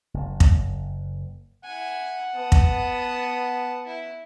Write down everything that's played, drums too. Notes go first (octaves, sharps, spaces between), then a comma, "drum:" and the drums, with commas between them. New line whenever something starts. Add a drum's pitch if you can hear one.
F#1
drum: kick
E4 F#5 G#5
B3 A5 D#6
drum: kick
E4